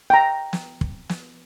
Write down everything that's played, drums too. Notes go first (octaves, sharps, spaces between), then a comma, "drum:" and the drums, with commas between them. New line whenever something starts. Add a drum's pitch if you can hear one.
G5 A#5
drum: snare
drum: kick
drum: snare